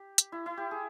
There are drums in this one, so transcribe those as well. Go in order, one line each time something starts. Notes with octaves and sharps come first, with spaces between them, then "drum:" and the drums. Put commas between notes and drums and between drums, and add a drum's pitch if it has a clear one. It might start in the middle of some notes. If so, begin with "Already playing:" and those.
Already playing: G4
drum: hi-hat
E4
E4
G4
G#4